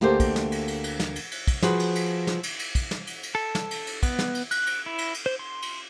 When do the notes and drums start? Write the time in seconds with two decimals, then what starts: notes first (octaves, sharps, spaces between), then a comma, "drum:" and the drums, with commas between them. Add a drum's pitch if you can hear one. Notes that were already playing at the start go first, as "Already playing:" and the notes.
0.01 D2 A#3 G4 A4 C5
0.20 drum: kick, cymbal
0.36 drum: snare
0.52 drum: cymbal
0.68 drum: cymbal
0.84 drum: cymbal
1.00 drum: snare
1.16 drum: cymbal
1.32 drum: cymbal
1.47 drum: kick, cymbal
1.63 F3 F#4 G#4 B4, drum: snare
1.79 drum: cymbal
1.95 drum: cymbal
2.27 drum: snare
2.43 drum: cymbal
2.59 drum: cymbal
2.75 drum: kick, cymbal
2.91 drum: snare
3.07 drum: cymbal
3.23 drum: cymbal
3.35 A4
3.55 drum: snare
3.71 drum: cymbal
3.87 drum: cymbal
4.03 B3, drum: kick, cymbal
4.19 drum: snare
4.35 drum: cymbal
4.51 F#6, drum: cymbal
4.66 drum: cymbal
4.86 E4
4.98 drum: cymbal
5.14 drum: cymbal
5.26 C5
5.39 C6
5.62 drum: cymbal